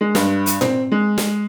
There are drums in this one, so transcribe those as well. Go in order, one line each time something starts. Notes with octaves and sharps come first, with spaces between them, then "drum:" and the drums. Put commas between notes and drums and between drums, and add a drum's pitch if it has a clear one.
G#3
G2, drum: snare
drum: hi-hat
C4, drum: tom A2
G#3
drum: snare